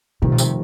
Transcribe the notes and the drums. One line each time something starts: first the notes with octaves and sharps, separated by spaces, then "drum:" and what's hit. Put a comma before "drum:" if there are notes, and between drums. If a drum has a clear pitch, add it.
F1 F2 C3 D#3 G3
A#2
C3, drum: tambourine